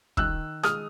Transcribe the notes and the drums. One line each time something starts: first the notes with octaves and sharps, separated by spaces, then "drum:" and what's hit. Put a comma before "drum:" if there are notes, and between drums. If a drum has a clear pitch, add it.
D#3 E6 F#6, drum: kick
G#3 D#6 F6, drum: rim click